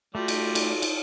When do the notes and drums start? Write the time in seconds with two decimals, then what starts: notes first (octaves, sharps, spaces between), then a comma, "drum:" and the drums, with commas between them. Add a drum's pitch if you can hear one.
0.15 G3 A3 F4 F#4
0.28 drum: cymbal
0.55 drum: cymbal
0.82 drum: cymbal